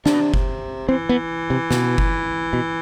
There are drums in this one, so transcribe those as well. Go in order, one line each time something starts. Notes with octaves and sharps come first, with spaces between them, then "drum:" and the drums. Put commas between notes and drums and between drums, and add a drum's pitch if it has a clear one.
C3 D4, drum: snare
B2
C3
drum: kick F#1
E3 C4
B3
C3
B2, drum: snare
drum: kick F#1
B2